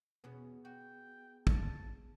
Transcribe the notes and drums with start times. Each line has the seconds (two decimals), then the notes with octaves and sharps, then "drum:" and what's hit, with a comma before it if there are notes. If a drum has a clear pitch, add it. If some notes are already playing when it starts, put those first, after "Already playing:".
0.24 E2 B2 B3 C#4 G#4
0.65 F#4 G5
1.47 A5, drum: kick